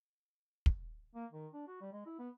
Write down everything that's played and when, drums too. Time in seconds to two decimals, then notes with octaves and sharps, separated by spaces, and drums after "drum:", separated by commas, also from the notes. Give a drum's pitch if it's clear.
0.66 drum: kick
1.15 A#3
1.32 D#3
1.53 D4
1.68 F#4
1.81 G3
1.93 G#3
2.06 E4
2.19 B3